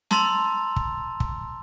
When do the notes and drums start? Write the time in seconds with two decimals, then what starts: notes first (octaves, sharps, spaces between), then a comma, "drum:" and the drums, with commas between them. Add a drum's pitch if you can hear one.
0.11 A5 A#5 C6 E6 A6 F7, drum: snare
0.76 drum: kick
1.20 drum: kick